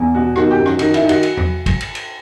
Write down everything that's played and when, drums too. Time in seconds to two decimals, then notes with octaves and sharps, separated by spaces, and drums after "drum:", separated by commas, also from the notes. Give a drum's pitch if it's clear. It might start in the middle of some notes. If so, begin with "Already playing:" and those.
Already playing: E2
0.14 B2 F#4
0.36 D#3 F#4, drum: rim click
0.51 G4
0.58 F#2
0.66 F#4, drum: rim click
0.79 D#3 F#4, drum: cymbal
0.94 E4, drum: cymbal
1.02 D#3
1.09 F#4, drum: cymbal
1.23 drum: cymbal
1.37 drum: tom
1.66 drum: kick, cymbal
1.81 drum: cymbal
1.95 drum: cymbal